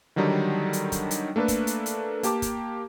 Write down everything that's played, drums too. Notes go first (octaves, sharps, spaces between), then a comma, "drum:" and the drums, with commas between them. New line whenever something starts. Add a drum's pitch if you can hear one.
D3 D#3 F#3 G3 D4 D#4
drum: hi-hat
drum: kick, hi-hat
drum: hi-hat
A3 A#3 D4 A4 B4
drum: kick, hi-hat
drum: hi-hat
drum: hi-hat
A#3 G4 A5 D6, drum: hi-hat
drum: kick, hi-hat